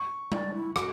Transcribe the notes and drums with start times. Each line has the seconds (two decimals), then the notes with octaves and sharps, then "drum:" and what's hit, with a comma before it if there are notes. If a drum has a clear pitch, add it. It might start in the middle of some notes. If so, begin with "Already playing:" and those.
Already playing: C#6
0.32 D5, drum: tom G3
0.54 E4
0.76 F#4 D6, drum: rim click